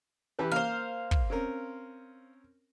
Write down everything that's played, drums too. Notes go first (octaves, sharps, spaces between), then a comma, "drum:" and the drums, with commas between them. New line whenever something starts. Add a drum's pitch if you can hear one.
E3 G4 B4
A#3 C5 F5
drum: kick
C4 C#4 A#4